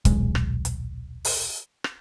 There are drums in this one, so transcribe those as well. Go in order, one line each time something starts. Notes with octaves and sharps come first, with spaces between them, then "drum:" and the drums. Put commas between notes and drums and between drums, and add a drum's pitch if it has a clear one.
D#1 B1 G#3, drum: kick, hi-hat
drum: rim click
drum: hi-hat
drum: open hi-hat
drum: rim click